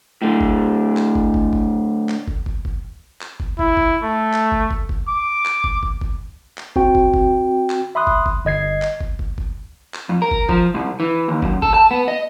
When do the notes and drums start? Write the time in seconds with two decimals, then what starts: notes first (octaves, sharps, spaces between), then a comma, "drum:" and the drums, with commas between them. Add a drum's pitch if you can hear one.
0.22 A2 D3
0.41 drum: kick
0.97 drum: clap
1.15 drum: kick
1.34 drum: kick
1.53 drum: kick
2.09 drum: clap
2.28 drum: kick
2.46 drum: kick
2.65 drum: kick
3.21 drum: clap
3.40 drum: kick
3.59 E4, drum: kick
3.77 drum: kick
4.03 A3
4.33 drum: clap
4.52 drum: kick
4.71 drum: kick
4.89 drum: kick
5.08 D6
5.45 drum: clap
5.64 drum: kick
5.83 drum: kick
6.01 drum: kick
6.58 drum: clap
6.76 C4 F#4 G5, drum: kick
6.95 drum: kick
7.14 drum: kick
7.70 drum: clap
7.95 E5 B5 C6 D#6 F#6
8.07 drum: kick
8.26 drum: kick
8.45 G1 D#5 G#6 C7
8.82 drum: clap
9.01 drum: kick
9.19 drum: kick
9.38 drum: kick
9.94 drum: clap
10.09 F2
10.22 A#4
10.31 drum: kick
10.49 F3, drum: kick
10.74 C2
11.00 E3
11.28 D#2
11.42 F#2, drum: kick
11.62 A4, drum: kick
11.74 A5
11.91 B3
12.08 D#5